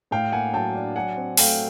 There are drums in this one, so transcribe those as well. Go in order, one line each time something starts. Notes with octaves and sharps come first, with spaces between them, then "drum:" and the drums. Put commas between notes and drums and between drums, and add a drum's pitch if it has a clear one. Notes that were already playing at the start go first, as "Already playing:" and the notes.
A2 F5 G5
A#3 F#5 G#5
F#3 G5 A5
D4
F#3 F#5 G#5
C4
A3 F5 G5, drum: open hi-hat